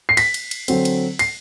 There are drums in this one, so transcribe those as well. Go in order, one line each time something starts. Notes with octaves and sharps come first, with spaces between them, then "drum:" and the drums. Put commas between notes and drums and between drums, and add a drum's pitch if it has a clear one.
C7
B6, drum: cymbal
drum: cymbal
drum: cymbal
D3 F#3 C4, drum: cymbal
drum: cymbal
C7, drum: cymbal